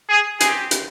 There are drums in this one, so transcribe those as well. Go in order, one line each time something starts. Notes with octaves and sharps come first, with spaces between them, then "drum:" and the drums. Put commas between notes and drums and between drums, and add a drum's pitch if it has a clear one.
G#4
C4 G4 G#4, drum: hi-hat
drum: hi-hat